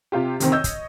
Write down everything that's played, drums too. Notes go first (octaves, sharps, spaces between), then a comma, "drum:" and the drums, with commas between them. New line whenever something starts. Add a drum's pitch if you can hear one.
C3 F4 G4
D2 C3 D#3 C4, drum: hi-hat
C#5 D#5 E6 G6
drum: kick, hi-hat